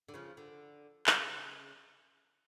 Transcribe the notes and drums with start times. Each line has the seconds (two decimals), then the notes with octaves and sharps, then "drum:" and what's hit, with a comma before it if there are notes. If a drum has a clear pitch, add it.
0.09 D3
0.14 C#3 F3
0.37 D3
1.07 C#3, drum: clap